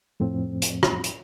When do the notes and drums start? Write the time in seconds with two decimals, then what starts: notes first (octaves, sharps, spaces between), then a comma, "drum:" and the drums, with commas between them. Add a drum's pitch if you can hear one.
0.20 F2 A2 F3 C4
0.62 drum: hi-hat
0.83 drum: rim click
1.04 drum: hi-hat